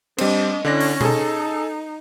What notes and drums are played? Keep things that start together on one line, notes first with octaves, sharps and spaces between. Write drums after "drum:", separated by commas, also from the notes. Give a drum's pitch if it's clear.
G3 C4 D4 D#5, drum: cymbal
D3 C#4 D4 E4 A#6
drum: open hi-hat
D#4 G#4 A4, drum: tom B2